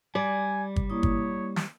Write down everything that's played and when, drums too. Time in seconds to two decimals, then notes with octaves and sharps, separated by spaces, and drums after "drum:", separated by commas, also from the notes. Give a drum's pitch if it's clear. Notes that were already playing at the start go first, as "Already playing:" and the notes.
0.15 G3 D5 G#5
0.76 drum: kick G1
0.90 A#3 E4 C#5 D#6
1.03 drum: kick G1
1.56 drum: snare